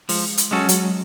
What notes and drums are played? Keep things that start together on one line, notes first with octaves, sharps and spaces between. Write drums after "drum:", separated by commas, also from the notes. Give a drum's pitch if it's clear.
F3 G#3, drum: open hi-hat
drum: hi-hat
F#3 G#3 C#4 F#4 A4
F#3, drum: hi-hat
G#3